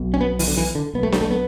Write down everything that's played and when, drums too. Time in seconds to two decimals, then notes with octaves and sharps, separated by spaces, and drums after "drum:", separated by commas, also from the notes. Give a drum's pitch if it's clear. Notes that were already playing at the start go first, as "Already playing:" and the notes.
Already playing: B1 B2
0.14 C#4
0.20 B3
0.39 E3, drum: open hi-hat
0.47 D3
0.57 E3
0.75 D3
0.94 B1 B2 B3
1.03 A3
1.12 G3, drum: snare D4
1.21 A3
1.30 B3